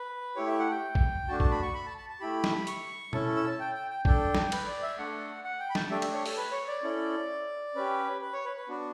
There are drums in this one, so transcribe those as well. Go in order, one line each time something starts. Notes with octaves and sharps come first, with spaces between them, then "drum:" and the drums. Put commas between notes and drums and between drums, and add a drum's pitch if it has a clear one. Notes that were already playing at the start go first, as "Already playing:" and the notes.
Already playing: B4
A3 E4 G4 C#5
E5
F#5
G5
drum: kick
A3 D4 F#4 A5
A5, drum: kick
B5
C#6
B5
A5
A5
A5
A3 E4 G4 B5
drum: snare
C#6, drum: hi-hat
C#4 E4 A4 A5, drum: tom
E6
A5
G5
G5
G5
D4 A4 G5, drum: kick
drum: snare
B4, drum: cymbal
D5
E5
A3 D4 A4 F#5
F#5
G5
B5
A5, drum: snare
A3 D4 G4 E5
E5, drum: cymbal
C#5
A4, drum: open hi-hat
B4
C#5
D5
C#4 E4 A4
C#4 G4 B4
B4
C#5
B4
B4
B3 D4 F#4